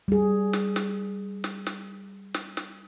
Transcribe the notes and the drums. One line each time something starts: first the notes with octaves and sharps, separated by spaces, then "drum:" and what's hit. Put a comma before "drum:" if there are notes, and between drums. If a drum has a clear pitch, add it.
G3 G#4
drum: snare
drum: snare
drum: snare
drum: snare
drum: snare
drum: snare